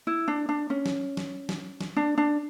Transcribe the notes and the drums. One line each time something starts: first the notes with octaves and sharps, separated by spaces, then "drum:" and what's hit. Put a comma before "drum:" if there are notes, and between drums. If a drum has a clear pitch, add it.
E4
D4
D4
C#4
drum: snare
drum: snare
drum: snare
drum: snare
D4
D4